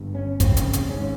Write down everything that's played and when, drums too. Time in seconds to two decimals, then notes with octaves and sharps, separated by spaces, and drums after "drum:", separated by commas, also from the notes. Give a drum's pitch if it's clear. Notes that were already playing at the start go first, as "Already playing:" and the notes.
Already playing: G1 G2
0.15 C#4
0.40 F1 D#2 C#3 C4, drum: kick, hi-hat
0.57 drum: hi-hat
0.73 drum: hi-hat
0.89 G#1 G#2 C#4